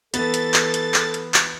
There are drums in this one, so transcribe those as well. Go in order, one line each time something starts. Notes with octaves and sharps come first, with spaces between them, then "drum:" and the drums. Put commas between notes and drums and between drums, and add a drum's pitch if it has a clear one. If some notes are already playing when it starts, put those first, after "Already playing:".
E3 B3 A4 A6, drum: hi-hat
drum: hi-hat
drum: clap
drum: hi-hat
drum: clap
drum: hi-hat
drum: clap